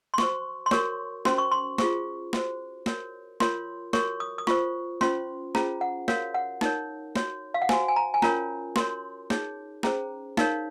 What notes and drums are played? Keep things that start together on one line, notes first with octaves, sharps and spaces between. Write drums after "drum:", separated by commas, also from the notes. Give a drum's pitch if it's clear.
C6
F#4 C5 C#6, drum: snare
C6
F#4 A#4 C#5 C#6, drum: snare
C#4 F#4 C5 C6, drum: snare
C#6
C6
F4 G#4 C5 C#6, drum: snare
F#4 C5, drum: snare
F#4 A#4 C#5, drum: snare
F4 A#4 C#5 C6, drum: snare
F#4 A#4 C#5 C#6, drum: snare
D#6
D#6
F4 C5 C#6, drum: snare
C#4 F4 C5 C6, drum: snare
C#4 F4 G#4 C5 A#5, drum: snare
F#5
F#4 A#4 C#5 F5, drum: snare
F#5
D#4 A#4 C#5, drum: snare
F#4 C#5, drum: snare
F5
F#5
F#4 C5 G#5, drum: snare
G#5
A#5
G#5
C#4 F4 A#4 C#5 A#5, drum: snare
F#4 A#4 C#5 C6, drum: snare
D#4 G#4 C#5, drum: snare
C#4 G#4 C5 A#5, drum: snare
D#4 A#4 C#5 F5, drum: snare